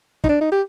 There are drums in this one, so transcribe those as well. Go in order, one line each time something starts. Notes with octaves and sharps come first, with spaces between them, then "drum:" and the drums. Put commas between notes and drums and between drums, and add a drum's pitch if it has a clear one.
D#4, drum: kick
D4
D#4
G4